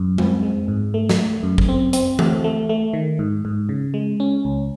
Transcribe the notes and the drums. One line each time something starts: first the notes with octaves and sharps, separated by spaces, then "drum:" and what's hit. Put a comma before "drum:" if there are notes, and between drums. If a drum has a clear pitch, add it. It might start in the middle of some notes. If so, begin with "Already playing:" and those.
Already playing: F#2
C4, drum: tom G#3
G#3
G#2
A3
drum: snare
A3
F#2
drum: kick
C4
C4, drum: hi-hat
A3, drum: tom E3
A3
A3
D#3
G#2
G#2
C#3
G#3
C#4
C#2